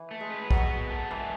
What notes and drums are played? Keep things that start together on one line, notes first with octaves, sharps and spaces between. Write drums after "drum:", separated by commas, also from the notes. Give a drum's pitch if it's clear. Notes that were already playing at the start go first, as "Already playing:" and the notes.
Already playing: E3
A3
G#3
B4
F#3 F#4, drum: kick A#1
B3
A4
E3 G#3